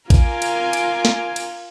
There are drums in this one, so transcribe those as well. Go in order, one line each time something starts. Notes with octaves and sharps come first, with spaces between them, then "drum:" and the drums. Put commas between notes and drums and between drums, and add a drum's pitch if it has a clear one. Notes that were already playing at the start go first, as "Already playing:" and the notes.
F4 A#4 G#5 D6, drum: kick, cymbal
drum: cymbal
drum: cymbal
drum: snare
drum: cymbal